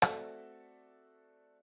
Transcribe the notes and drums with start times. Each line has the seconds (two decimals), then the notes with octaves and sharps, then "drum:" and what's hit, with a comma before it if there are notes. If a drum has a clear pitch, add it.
0.02 A3 C4 F#4 A4 D5 E5, drum: rim click